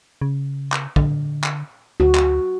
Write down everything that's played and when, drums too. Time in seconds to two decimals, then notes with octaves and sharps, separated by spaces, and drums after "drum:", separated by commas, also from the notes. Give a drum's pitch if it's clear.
0.22 C#3
0.72 drum: clap
0.96 D3, drum: kick
1.44 drum: clap
2.00 D2 F#4
2.15 drum: clap